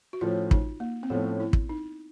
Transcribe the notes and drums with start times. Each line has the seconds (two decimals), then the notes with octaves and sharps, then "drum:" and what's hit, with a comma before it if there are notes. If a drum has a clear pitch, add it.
0.13 F#4
0.21 A2 F3 A3 C#4 F4
0.51 D#4, drum: kick
0.80 A#3
1.03 C4
1.10 A2 F3 A3 B3 C#4
1.40 E4
1.53 drum: kick
1.69 D#4